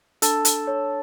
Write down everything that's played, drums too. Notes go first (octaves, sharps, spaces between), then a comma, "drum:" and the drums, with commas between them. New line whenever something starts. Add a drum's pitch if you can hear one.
D4 A4, drum: hi-hat
drum: hi-hat
C#5